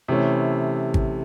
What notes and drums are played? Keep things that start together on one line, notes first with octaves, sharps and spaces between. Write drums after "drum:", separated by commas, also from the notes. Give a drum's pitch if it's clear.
C3 E3 A3 C#4 E4
drum: kick G#1